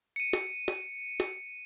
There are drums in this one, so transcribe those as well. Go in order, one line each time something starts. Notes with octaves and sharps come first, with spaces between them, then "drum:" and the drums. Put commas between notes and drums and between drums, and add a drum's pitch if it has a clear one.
C#7 D#7
drum: snare
drum: snare
drum: snare